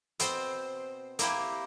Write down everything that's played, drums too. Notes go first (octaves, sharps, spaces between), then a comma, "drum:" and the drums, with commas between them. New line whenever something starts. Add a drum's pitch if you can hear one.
B2 C4 C5, drum: hi-hat
A#3 E4 G4, drum: hi-hat